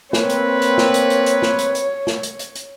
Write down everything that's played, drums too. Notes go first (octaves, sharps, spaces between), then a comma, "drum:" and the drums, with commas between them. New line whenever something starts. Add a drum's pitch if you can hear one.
A#3 C4 B4 C#5, drum: snare
drum: hi-hat
drum: hi-hat
drum: snare
drum: hi-hat
drum: hi-hat
drum: hi-hat
drum: snare
drum: hi-hat
drum: hi-hat
drum: snare
drum: hi-hat
drum: hi-hat
drum: hi-hat